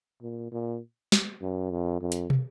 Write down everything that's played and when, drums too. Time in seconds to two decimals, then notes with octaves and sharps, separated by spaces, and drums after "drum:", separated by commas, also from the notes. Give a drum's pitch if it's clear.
0.22 A#2
0.52 A#2
1.12 drum: snare
1.42 F#2
1.71 F2
2.01 F2
2.12 drum: hi-hat
2.30 drum: tom